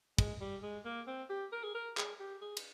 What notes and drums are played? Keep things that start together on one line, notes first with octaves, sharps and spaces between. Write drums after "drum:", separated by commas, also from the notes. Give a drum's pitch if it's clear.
G#3, drum: kick, cymbal
G3
G#3
A#3
C4
G4
A#4
G#4
A#4
G#4, drum: clap
G4
G#4
drum: cymbal